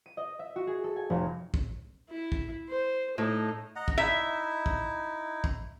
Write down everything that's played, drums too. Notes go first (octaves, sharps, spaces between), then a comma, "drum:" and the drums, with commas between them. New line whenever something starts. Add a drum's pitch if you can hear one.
D#7
D#5
E5
F#4
G#4
A4
G#5
F1
drum: kick
E4
drum: kick
C5
A2 D#4
D#5 F#5 A#5
drum: kick
D#4 E4 E5
drum: kick
drum: kick